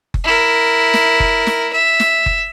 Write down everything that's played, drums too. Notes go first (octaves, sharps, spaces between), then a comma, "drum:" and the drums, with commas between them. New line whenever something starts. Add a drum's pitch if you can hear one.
drum: kick F#1
E4 A#4
drum: snare
drum: kick F#1
drum: snare
E5
drum: snare
drum: kick F#1